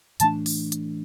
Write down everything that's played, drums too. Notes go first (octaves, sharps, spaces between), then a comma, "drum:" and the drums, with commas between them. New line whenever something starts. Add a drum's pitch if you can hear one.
A2 E3 A3 D4 A5, drum: hi-hat
drum: open hi-hat
drum: hi-hat